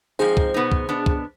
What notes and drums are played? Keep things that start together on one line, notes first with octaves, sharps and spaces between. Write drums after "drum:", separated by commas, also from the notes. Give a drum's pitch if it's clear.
G#2 F3 C4 D#4 G#4 C5
drum: kick
B2 B3 D#4
drum: kick
B2 B3 D4
drum: kick